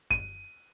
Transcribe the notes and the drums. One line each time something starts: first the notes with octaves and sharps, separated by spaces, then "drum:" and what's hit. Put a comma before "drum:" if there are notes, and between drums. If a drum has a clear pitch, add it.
D#7, drum: kick F#2